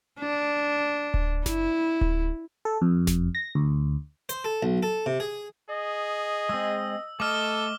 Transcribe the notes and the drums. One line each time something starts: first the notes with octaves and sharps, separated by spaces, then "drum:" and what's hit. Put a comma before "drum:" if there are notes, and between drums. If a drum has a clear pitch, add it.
D4
drum: kick D1
E4, drum: snare F#1
drum: kick D1
A4
F2
drum: snare F#1
A#6
D2
C5, drum: hi-hat
A4
B1
A4
C3
G#4
G#4 D#5
G#3 C4 E6
A3 A4 D#5 D6 F6 G7